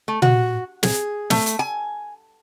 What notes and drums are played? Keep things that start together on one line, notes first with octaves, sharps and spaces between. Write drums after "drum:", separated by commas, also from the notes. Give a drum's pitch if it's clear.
A3
F#4, drum: tom A#2
G#4, drum: snare
A3, drum: snare
drum: hi-hat
G#5